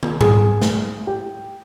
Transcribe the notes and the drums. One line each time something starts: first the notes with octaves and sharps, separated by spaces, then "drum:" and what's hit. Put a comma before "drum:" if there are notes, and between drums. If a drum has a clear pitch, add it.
drum: tom
G#4, drum: tom G#2
drum: snare
G4